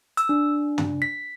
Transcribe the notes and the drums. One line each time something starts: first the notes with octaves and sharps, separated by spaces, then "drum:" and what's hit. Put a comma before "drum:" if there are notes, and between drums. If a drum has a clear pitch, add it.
E6, drum: hi-hat
D4
drum: tom
B6